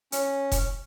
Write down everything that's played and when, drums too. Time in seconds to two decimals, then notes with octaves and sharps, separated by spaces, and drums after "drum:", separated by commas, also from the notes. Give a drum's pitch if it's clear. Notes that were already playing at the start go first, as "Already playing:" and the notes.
0.12 C#4, drum: hi-hat
0.52 drum: kick F1, hi-hat